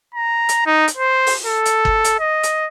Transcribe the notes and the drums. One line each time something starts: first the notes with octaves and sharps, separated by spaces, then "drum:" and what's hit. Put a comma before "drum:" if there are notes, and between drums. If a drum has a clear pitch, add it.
A#5
drum: hi-hat
D#4
drum: hi-hat
C5
drum: open hi-hat
A4
drum: hi-hat
drum: kick G1
drum: hi-hat
D#5
drum: hi-hat